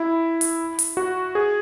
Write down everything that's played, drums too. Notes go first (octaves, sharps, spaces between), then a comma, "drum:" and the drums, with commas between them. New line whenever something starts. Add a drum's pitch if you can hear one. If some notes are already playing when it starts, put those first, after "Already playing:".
Already playing: E4
drum: hi-hat
drum: hi-hat
F#4
G#4